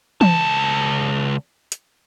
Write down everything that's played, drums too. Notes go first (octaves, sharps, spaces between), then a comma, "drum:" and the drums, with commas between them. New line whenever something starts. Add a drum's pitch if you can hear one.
C#2 A5, drum: tom E3
drum: hi-hat